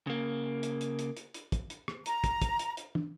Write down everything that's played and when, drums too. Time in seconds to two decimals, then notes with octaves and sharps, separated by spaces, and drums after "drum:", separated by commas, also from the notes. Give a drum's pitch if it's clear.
0.07 C#3 A#3
0.63 drum: hi-hat
0.81 drum: hi-hat
0.99 drum: hi-hat
1.17 drum: hi-hat
1.34 drum: hi-hat
1.52 drum: kick, hi-hat
1.70 drum: hi-hat
1.88 drum: rim click
2.06 A#5, drum: hi-hat
2.24 drum: kick, hi-hat
2.42 drum: kick, hi-hat
2.59 drum: hi-hat
2.77 drum: hi-hat
2.95 drum: tom